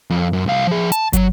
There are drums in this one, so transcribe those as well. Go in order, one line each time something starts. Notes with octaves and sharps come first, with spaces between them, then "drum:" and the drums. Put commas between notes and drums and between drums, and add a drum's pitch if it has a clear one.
F2
F#2
C2 F5
F3 G#4
A5, drum: hi-hat
F#3, drum: kick, hi-hat